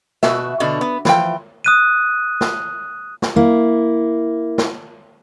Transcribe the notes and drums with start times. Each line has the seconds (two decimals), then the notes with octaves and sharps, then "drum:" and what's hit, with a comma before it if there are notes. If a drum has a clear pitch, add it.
0.23 B2 F#4 E5, drum: snare
0.60 B2 D3 F#4
0.81 B3
1.05 E3 F3 G5, drum: snare
1.64 D#6 F#6 D#7
2.41 drum: snare
3.22 drum: snare
3.36 A#3 E4
4.58 drum: snare